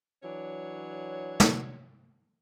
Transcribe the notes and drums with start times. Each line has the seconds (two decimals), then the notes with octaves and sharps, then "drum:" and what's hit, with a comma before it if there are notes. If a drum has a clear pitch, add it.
0.23 E3 F#3 D4 C#5
1.40 drum: snare